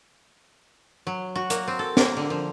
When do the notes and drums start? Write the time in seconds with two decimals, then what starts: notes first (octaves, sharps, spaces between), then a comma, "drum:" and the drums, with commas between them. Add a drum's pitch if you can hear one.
1.07 F#3
1.35 F#4
1.50 A#3, drum: hi-hat
1.68 C4
1.79 A4
1.97 A#3, drum: snare
2.17 D3
2.30 F3